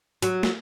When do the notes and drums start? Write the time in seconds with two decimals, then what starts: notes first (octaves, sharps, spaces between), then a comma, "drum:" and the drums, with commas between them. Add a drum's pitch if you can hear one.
0.22 F#3, drum: hi-hat
0.43 drum: snare